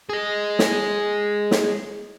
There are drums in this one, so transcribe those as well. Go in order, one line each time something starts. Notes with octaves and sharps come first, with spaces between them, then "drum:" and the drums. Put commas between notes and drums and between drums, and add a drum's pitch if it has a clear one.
G#4 D#5
drum: snare
drum: snare